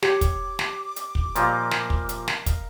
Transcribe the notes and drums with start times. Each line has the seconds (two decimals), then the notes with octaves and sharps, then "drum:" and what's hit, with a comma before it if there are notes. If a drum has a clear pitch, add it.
0.03 G4 C#5 D6, drum: snare
0.21 drum: kick, hi-hat
0.59 drum: snare
0.96 drum: hi-hat
1.15 drum: kick
1.35 A#2 F3 G3 A#4 D#5 F5, drum: hi-hat
1.71 drum: snare
1.90 drum: kick
2.09 drum: hi-hat
2.28 drum: snare
2.46 drum: kick, hi-hat